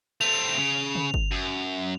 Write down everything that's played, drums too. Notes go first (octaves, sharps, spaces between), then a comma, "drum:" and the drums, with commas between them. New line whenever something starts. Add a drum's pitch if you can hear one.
A3 C4 F7
C#3
drum: tom
drum: kick G1
F#2